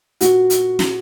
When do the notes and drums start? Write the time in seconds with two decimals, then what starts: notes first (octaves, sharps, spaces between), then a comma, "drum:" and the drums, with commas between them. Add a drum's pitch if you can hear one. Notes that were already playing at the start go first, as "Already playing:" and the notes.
0.21 A#2 F#4, drum: hi-hat
0.50 drum: hi-hat
0.79 drum: snare